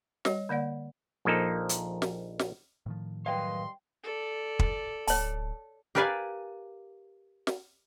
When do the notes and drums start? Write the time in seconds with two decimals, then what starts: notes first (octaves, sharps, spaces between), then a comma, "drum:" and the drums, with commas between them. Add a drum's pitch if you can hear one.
0.25 G3 C#5, drum: snare
0.49 D3 A#3 D5 F#5
1.25 A#1 F3 A#3 D#4 A4
1.69 drum: hi-hat
2.02 drum: snare
2.39 drum: snare
2.86 A2 D#3 F3
3.26 F#2 G3 B4 D5 D#5 F5 G5 C6
4.03 A4 D5
4.59 drum: kick
5.07 D1 C#5 A5, drum: open hi-hat
5.95 G4 A#4 B4 D5 F5 G#5
7.47 drum: snare